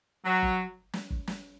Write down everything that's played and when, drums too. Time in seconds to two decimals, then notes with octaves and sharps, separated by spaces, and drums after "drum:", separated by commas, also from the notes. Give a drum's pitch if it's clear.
0.25 F#3
0.42 drum: kick
0.93 drum: snare
1.10 drum: kick
1.27 drum: snare